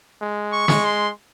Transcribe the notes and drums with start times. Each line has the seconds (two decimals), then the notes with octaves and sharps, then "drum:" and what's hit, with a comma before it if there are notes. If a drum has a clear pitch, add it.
0.21 G#3
0.53 C#6
0.68 G#3, drum: snare
0.84 C6